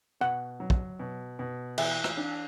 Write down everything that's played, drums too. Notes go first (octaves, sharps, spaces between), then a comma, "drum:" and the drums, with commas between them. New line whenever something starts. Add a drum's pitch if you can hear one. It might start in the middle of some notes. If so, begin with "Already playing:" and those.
B2 F#5
F#3
drum: kick
B2
B2
E3 E5, drum: cymbal
drum: rim click
D4